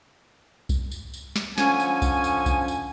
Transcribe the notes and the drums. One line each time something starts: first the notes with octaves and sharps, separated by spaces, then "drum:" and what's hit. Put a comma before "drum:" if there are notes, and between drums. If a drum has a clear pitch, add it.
drum: kick C2, tambourine
drum: tambourine
drum: tambourine
drum: snare
D3 F3 C#4 G#5, drum: snare
drum: tambourine
drum: kick C2, tambourine
drum: tambourine
drum: kick C2, tambourine
drum: tambourine